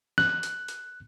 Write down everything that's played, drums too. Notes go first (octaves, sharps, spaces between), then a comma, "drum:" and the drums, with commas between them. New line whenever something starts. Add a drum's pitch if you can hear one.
F#6, drum: snare
drum: hi-hat
drum: hi-hat